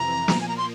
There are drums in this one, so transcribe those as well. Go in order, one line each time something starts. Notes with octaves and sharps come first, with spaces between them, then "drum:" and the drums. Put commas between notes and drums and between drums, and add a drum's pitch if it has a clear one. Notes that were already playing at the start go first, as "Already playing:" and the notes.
Already playing: F2 C3 E3 A#5
A#2 F3 A#3, drum: snare
G#5
A#5
C6